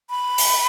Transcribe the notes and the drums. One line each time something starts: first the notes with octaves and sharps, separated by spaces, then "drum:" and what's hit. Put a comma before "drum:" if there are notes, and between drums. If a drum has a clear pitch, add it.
B5
drum: open hi-hat